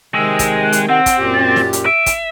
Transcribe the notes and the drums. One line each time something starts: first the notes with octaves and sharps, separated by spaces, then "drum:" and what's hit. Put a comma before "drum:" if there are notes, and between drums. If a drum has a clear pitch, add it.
C3 D#3 G#3 G5 E6
drum: kick, hi-hat
F#6
drum: hi-hat
C4 F#5
drum: kick, hi-hat
F#2 A#2 G4
A6
drum: snare
drum: hi-hat
E5 D7
drum: kick, hi-hat